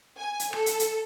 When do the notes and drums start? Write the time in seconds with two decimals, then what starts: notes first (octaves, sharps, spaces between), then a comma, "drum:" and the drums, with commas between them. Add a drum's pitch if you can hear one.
0.18 G#5
0.39 drum: hi-hat
0.53 A4, drum: rim click
0.66 drum: hi-hat
0.79 drum: hi-hat